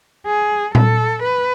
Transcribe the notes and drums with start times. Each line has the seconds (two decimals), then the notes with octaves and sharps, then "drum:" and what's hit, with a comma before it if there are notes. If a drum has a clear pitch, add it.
0.27 G#4
0.75 A4, drum: tom A#2
1.23 B4